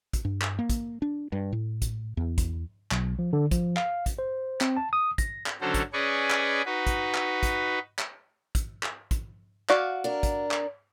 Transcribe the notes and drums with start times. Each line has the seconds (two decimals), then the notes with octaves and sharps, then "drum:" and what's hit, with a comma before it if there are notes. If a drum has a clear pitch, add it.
0.13 drum: kick, hi-hat
0.25 G2
0.41 drum: clap
0.59 A#3
0.70 drum: kick, hi-hat
1.02 D4
1.32 G2
1.52 A2
1.82 drum: kick, hi-hat
2.17 E2
2.38 drum: kick, hi-hat
2.91 B1, drum: clap
3.19 F3
3.33 D3
3.51 F3, drum: kick, hi-hat
3.77 F5, drum: clap
4.06 drum: kick, hi-hat
4.19 C5
4.61 C4, drum: clap
4.77 A5
4.93 D#6
5.18 A#6, drum: kick, hi-hat
5.46 drum: clap
5.61 D3 F#3 C#4 F#4 A4 C5
5.74 drum: kick, hi-hat
5.93 C#4 G#4 B4 D5 D#5 C#6
6.30 drum: clap
6.65 D#4 F#4 B4
6.87 drum: kick, hi-hat
7.15 drum: clap
7.43 drum: kick, hi-hat
7.99 drum: clap
8.55 drum: kick, hi-hat
8.83 drum: clap
9.11 drum: kick, hi-hat
9.69 F#4 D5 F5, drum: clap
10.04 D4 A#4
10.23 drum: kick, hi-hat
10.51 drum: clap